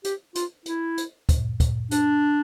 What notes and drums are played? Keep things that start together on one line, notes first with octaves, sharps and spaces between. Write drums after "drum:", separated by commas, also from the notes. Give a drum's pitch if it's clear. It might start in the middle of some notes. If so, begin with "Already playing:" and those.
G4, drum: hi-hat
F4, drum: hi-hat
E4, drum: hi-hat
drum: hi-hat
drum: kick D2, hi-hat
drum: kick D2, hi-hat
D4, drum: hi-hat